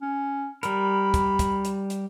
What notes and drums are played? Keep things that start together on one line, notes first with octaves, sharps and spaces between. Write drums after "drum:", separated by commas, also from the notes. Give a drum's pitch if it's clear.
C#4
G3 A#4 B5, drum: hi-hat
drum: kick, hi-hat
drum: kick, hi-hat
drum: hi-hat
drum: hi-hat